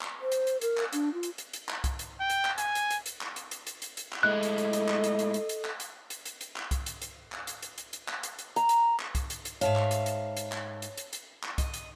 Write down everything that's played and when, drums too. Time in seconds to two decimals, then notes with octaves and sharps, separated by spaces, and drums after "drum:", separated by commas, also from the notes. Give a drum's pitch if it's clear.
0.01 drum: clap
0.21 C5
0.32 drum: hi-hat
0.47 drum: hi-hat
0.61 A#4, drum: hi-hat
0.77 drum: clap
0.93 D4, drum: hi-hat
1.14 F4
1.23 drum: hi-hat
1.38 drum: hi-hat
1.53 drum: hi-hat
1.69 drum: clap
1.84 drum: kick C2, hi-hat
1.99 drum: hi-hat
2.20 G5
2.30 drum: hi-hat
2.45 drum: clap
2.58 G#5, drum: hi-hat
2.75 drum: hi-hat
2.90 drum: hi-hat
3.06 drum: hi-hat
3.21 drum: clap
3.36 drum: hi-hat
3.51 drum: hi-hat
3.67 drum: hi-hat
3.82 drum: hi-hat
3.97 drum: hi-hat
4.12 drum: clap
4.23 A2 G#3 E4 A4 D#5 F#6
4.43 drum: hi-hat
4.58 drum: hi-hat
4.73 drum: hi-hat
4.88 drum: clap
5.04 drum: hi-hat
5.19 drum: hi-hat
5.34 drum: hi-hat
5.49 drum: hi-hat
5.65 drum: clap
5.80 drum: hi-hat
6.10 drum: hi-hat
6.25 drum: hi-hat
6.41 drum: hi-hat
6.56 drum: clap
6.71 drum: kick C2, hi-hat
6.86 drum: hi-hat
7.02 drum: hi-hat
7.32 drum: clap
7.47 drum: hi-hat
7.62 drum: hi-hat
7.78 drum: hi-hat
7.93 drum: hi-hat
8.08 drum: clap
8.23 drum: hi-hat
8.39 drum: hi-hat
8.56 A#5, drum: hi-hat
8.69 drum: hi-hat
9.00 drum: clap
9.15 drum: kick C2, hi-hat
9.30 drum: hi-hat
9.45 drum: hi-hat
9.61 G#2 C#5 E5 F5 A5, drum: hi-hat
9.76 drum: clap
9.91 drum: hi-hat
10.06 drum: hi-hat
10.37 drum: hi-hat
10.52 drum: clap
10.82 drum: hi-hat
10.97 drum: hi-hat
11.13 drum: hi-hat
11.43 drum: clap
11.58 D#5, drum: kick C2, hi-hat
11.74 drum: hi-hat